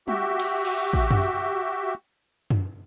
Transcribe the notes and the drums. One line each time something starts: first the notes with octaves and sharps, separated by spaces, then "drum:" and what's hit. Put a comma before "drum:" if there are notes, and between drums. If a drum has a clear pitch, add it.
F#4 G4 E5, drum: tom
drum: cymbal
drum: cymbal
drum: kick A1
drum: tom F#2
drum: tom F#2